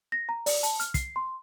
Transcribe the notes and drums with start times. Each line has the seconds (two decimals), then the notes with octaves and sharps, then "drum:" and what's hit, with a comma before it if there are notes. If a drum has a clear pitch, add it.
0.12 A#6
0.29 A#5
0.46 D5, drum: open hi-hat
0.63 A5, drum: hi-hat
0.80 F6, drum: hi-hat
0.94 C7, drum: kick, hi-hat
1.16 C6